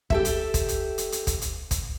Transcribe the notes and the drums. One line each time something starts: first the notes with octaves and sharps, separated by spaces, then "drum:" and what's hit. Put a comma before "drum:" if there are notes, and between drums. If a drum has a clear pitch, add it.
G4 A4 E5, drum: kick
drum: hi-hat
drum: kick, hi-hat
drum: hi-hat
drum: hi-hat
drum: hi-hat
drum: kick, hi-hat
drum: hi-hat
drum: kick, hi-hat